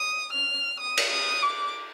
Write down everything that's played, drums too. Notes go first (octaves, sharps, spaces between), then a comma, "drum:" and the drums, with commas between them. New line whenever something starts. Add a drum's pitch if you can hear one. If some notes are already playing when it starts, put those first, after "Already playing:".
Already playing: D#6
F6
D#6
drum: cymbal
D#6
D6